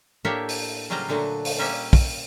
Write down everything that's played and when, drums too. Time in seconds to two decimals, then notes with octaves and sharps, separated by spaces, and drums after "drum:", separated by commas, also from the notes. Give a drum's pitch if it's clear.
0.25 A2 A#3 D4 G4 C#5 E5
0.49 drum: open hi-hat
0.90 C#3 F#3 G3 F4 C5 A#5
1.09 A#2 D3 F#3 A3
1.45 drum: open hi-hat
1.59 G3 A#3 C#4 A#4 E5
1.93 drum: kick, open hi-hat